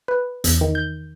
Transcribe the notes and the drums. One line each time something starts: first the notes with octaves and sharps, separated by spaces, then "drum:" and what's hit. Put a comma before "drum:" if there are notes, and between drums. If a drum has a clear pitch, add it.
B4
E2, drum: hi-hat
D#3
G6